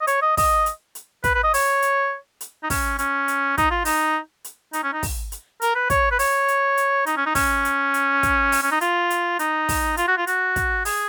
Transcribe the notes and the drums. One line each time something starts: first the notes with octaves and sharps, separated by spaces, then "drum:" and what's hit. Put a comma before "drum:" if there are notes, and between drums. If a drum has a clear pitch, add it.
D#5
C#5, drum: hi-hat
D#5
D#5, drum: kick, open hi-hat
drum: hi-hat
drum: hi-hat
B4, drum: kick, hi-hat
B4
D#5
C#5, drum: open hi-hat
drum: hi-hat
drum: hi-hat
D#4
C#4, drum: kick, open hi-hat
C#4, drum: hi-hat
drum: hi-hat
D#4, drum: kick, hi-hat
F4
D#4, drum: open hi-hat
drum: hi-hat
D#4, drum: hi-hat
C#4
D#4
drum: kick, open hi-hat
drum: hi-hat
A#4, drum: hi-hat
B4
C#5, drum: kick, hi-hat
B4
C#5, drum: open hi-hat
drum: hi-hat
drum: hi-hat
D#4, drum: hi-hat
C#4
D#4
C#4, drum: kick, open hi-hat
drum: hi-hat
drum: hi-hat
drum: kick, hi-hat
drum: open hi-hat
C#4
D#4
F4, drum: hi-hat
drum: hi-hat
D#4, drum: hi-hat
drum: kick, open hi-hat
F4, drum: hi-hat
F#4
F4
F#4, drum: hi-hat
drum: kick, hi-hat
G#4, drum: open hi-hat